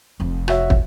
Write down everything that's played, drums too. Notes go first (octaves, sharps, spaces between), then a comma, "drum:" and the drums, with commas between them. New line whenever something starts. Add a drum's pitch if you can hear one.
F1 F2
F#4 C#5 E5, drum: rim click
drum: kick